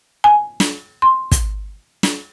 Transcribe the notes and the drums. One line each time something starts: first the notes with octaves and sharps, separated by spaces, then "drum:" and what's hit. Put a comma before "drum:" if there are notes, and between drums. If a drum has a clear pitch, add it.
G#5
drum: snare
C6
drum: kick, hi-hat
drum: snare